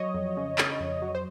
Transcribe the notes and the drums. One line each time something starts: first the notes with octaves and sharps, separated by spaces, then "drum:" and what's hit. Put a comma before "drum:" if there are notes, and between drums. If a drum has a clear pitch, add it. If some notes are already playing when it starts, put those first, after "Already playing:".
Already playing: F#3 C#5 D#5
F2
C#3
C#3, drum: clap
F2
F#3
C5